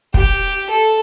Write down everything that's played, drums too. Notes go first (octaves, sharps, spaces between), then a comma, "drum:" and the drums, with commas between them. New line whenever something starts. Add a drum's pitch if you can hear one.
G4, drum: kick
A4